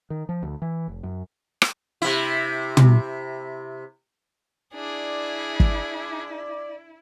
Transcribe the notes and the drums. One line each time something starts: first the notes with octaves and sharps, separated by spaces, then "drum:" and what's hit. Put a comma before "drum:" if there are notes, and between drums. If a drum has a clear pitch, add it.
D#3
F3
D2
E3
F1
F#2
drum: rim click
C3 E4
drum: tom
D4 E4 G#4 D5
drum: kick